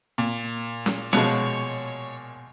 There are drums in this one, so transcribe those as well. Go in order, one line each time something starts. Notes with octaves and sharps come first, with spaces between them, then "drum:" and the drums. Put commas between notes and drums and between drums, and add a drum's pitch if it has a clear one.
A#2
drum: snare C#4
B2 F3 G#3 C#5, drum: snare C#4